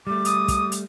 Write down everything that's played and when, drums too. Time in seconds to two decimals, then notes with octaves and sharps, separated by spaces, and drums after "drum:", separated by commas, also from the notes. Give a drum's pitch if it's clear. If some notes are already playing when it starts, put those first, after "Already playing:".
0.07 G3 A3 D6
0.25 D#6, drum: hi-hat
0.48 drum: kick, hi-hat
0.72 drum: hi-hat